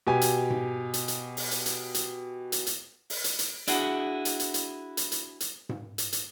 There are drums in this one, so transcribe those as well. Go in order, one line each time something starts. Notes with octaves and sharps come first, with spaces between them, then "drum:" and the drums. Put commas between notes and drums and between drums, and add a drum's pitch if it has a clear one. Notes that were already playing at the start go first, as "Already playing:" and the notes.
B2 G4 G#5
drum: hi-hat
drum: tom G#2
drum: hi-hat
drum: hi-hat
drum: open hi-hat
drum: hi-hat
drum: hi-hat
drum: hi-hat
drum: hi-hat
drum: hi-hat
drum: open hi-hat
drum: hi-hat
drum: hi-hat
D4 E4 F#4 G#4, drum: hi-hat
drum: hi-hat
drum: hi-hat
drum: hi-hat
drum: hi-hat
drum: hi-hat
drum: hi-hat
drum: tom G#2
drum: hi-hat
drum: hi-hat